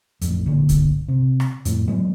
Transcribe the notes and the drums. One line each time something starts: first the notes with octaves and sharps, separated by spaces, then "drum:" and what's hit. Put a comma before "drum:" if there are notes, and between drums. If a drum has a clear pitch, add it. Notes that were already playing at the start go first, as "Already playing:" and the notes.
A1 F2, drum: hi-hat
G1 A#2 D3
drum: kick, hi-hat
C3
drum: rim click
F2 A2, drum: hi-hat
E3 F#3 G#3 B3